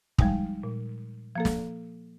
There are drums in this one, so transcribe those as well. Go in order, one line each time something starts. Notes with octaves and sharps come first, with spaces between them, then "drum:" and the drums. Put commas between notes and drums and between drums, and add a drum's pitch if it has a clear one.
F3 G3 G#3 D#4, drum: kick
A#2
F3 A#3 A4
drum: snare